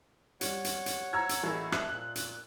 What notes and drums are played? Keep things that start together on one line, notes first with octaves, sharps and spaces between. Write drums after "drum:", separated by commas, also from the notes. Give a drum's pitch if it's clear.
G3 C#5 F#5, drum: hi-hat
drum: hi-hat
drum: hi-hat
A#5 E6 G#6
drum: hi-hat
A1 A#3 E4 F#4 G#4
E5 A5 F#6, drum: rim click
A#2 F#6
drum: hi-hat